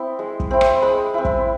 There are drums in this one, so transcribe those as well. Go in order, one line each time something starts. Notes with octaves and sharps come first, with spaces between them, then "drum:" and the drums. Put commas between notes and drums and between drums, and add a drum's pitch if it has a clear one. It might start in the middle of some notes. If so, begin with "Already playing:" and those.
Already playing: C4 E4 D#6
G#3
drum: kick
C4 E4
drum: rim click
G#3 B5
C4 E4
drum: kick